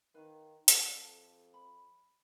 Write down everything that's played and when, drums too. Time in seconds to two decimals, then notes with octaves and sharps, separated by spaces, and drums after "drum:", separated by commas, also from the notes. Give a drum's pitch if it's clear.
0.14 D#3 B4 F5
0.68 F2 A4, drum: hi-hat
0.99 A4
1.54 B5